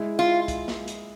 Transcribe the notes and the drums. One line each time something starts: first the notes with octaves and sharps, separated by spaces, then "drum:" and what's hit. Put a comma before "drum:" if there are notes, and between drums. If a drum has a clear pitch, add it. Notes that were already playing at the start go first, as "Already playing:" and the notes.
Already playing: G#3 E4 G#4
F4
drum: kick, hi-hat
drum: snare
drum: hi-hat